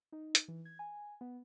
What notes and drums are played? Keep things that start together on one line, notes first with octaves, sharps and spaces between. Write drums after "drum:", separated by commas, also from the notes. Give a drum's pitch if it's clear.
D#4
drum: hi-hat
E3
G#6
G#5
B3